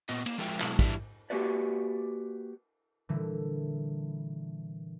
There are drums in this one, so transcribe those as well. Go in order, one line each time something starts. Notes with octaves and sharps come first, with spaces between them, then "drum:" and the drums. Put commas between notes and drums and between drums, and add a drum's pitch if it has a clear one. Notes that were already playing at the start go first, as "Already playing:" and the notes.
A#2 B3 D#5, drum: open hi-hat
A#3, drum: cymbal
F3 G#3 F4 A#4 E5 G5
B2 F#3 G#3 E4 A4, drum: clap
E3 G3 D4 E4, drum: kick
A#3 F#4 G4 B4 D5
A#2 D3 E3 G3